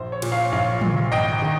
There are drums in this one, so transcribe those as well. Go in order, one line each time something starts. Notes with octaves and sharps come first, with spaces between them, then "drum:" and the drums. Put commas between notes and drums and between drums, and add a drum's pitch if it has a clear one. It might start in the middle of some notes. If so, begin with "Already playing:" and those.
Already playing: A#1 C5
C#5
A#2, drum: cymbal
C#5 F5
A#1 C#5 F5
A#2, drum: tom
G#1 D#5 G5
D#3